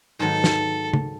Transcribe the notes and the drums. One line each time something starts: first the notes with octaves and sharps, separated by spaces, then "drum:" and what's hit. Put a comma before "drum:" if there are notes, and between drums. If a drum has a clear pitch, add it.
G#2 D#3 F#3 B3 A4
drum: snare
drum: tom C#3